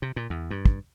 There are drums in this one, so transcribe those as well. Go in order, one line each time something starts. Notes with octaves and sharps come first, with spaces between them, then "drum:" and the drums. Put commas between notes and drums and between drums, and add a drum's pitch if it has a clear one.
C3
A#2
E2
G2
drum: kick